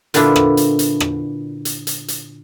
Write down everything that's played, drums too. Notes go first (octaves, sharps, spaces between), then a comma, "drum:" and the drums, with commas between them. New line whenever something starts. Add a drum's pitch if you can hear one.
A#2 D3 B3 D4 E4 F4, drum: hi-hat
drum: rim click
drum: hi-hat
drum: hi-hat
drum: rim click
drum: hi-hat
drum: hi-hat
drum: hi-hat